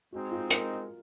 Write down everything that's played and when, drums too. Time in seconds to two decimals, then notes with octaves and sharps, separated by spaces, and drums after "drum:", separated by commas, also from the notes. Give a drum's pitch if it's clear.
0.12 G#3 C4 D#4 F#4
0.32 F4
0.50 A#4, drum: hi-hat